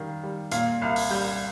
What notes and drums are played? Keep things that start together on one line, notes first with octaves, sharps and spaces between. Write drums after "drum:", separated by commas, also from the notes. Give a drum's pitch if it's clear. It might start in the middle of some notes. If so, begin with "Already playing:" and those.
Already playing: D#3 G3 F5
G3
A#2 F5, drum: hi-hat
C2 F5
drum: open hi-hat
G3 G6